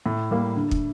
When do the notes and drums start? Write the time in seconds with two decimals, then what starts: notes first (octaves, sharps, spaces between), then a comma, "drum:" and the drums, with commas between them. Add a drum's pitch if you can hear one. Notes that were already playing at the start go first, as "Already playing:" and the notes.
0.06 A2
0.31 G3 A#3
0.56 D3
0.71 drum: kick